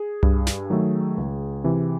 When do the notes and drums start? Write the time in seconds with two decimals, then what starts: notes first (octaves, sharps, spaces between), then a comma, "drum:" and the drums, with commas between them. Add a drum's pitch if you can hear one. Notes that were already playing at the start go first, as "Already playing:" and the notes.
Already playing: G#4
0.23 G2, drum: tom C2
0.47 drum: snare
0.70 D#3 F#3 A3
1.18 C#2
1.64 C3 E3